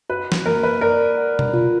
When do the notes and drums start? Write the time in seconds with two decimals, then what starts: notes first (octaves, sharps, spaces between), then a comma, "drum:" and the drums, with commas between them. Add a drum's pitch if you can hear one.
0.10 F#4 B4
0.32 drum: snare
0.45 A#3 A#4
0.63 B4
0.81 A#4 D5
1.18 F#5
1.39 drum: tom B2
1.54 F4